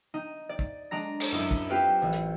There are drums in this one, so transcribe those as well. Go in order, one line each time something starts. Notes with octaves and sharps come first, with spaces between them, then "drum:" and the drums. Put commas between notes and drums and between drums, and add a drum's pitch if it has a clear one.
D#4
D5
drum: kick
G#3 D4 A#5 A#6
drum: cymbal
F#2 D#4 E4
drum: kick
C4 F4 G4 B4
A1
drum: hi-hat